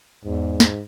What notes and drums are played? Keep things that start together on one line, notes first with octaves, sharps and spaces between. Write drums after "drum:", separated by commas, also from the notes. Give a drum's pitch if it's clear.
E2 G#2
drum: snare